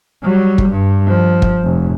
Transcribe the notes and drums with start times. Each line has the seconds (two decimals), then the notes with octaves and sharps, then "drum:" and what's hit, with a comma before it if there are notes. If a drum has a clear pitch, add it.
0.23 F#3 G3
0.58 drum: kick
0.69 G2
1.06 F3
1.42 drum: kick
1.63 F1